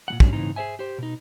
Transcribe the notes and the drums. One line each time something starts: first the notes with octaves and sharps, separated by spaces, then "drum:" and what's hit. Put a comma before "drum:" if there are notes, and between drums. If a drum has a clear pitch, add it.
A#2 G3 F#5
G#2 D3 F#3 G3 C#4 D4, drum: kick
A2 C#3 E3 C4 D#4 A#5
G#4 A4 C5 E5 G#5
G4 C5
B2 D#4